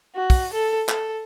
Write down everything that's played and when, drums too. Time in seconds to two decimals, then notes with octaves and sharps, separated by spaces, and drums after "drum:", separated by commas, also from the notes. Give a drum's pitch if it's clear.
0.16 F#4
0.30 drum: kick, open hi-hat
0.53 A4
0.89 A4, drum: clap